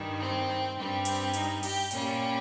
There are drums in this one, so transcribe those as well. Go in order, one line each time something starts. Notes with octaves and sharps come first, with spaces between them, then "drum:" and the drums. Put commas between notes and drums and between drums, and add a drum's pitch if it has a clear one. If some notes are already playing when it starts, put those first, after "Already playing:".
Already playing: G2 D#3 G3
C4
G2 G3 C4
C4, drum: hi-hat
D#4, drum: hi-hat
G4, drum: open hi-hat
A#2 G3 C#4, drum: hi-hat